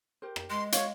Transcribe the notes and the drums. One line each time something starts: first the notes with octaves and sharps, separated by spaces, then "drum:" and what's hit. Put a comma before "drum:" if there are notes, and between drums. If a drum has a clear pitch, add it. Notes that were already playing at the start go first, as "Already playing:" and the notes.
G4 A#4 C5
drum: rim click
G#3 C6
F#4 C#5 F5 F#5, drum: hi-hat